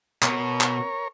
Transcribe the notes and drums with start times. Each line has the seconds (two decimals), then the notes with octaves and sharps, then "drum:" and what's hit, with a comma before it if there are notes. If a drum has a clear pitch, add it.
0.23 B2 A#4 C#5, drum: clap
0.61 drum: clap